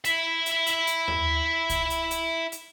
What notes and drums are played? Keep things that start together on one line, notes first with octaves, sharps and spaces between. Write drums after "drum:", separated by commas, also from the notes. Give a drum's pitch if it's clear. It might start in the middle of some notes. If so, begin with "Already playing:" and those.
E4 E5, drum: hi-hat
drum: hi-hat
drum: hi-hat
drum: hi-hat
drum: tom D#2
drum: kick C2, hi-hat
drum: hi-hat
drum: hi-hat
drum: hi-hat